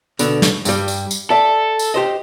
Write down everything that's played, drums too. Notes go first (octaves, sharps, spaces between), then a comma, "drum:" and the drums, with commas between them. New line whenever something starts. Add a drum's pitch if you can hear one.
B2 D3, drum: tambourine
drum: snare
G2 G3, drum: tambourine
drum: tambourine
drum: tambourine
A4 D5 E5
drum: tambourine
G4 C5 D#5